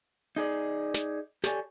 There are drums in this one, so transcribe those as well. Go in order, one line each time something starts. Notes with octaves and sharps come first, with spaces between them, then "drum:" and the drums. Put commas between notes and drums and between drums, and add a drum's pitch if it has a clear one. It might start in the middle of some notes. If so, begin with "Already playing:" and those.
D#4 G#4 D5
drum: snare
G4 A4 C#5 D5 G#5, drum: snare